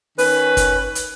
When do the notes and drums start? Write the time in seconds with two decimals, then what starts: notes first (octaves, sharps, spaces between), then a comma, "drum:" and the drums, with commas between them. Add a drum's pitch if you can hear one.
0.18 D#3 C#4 B4, drum: open hi-hat
0.57 drum: kick, hi-hat
0.95 drum: hi-hat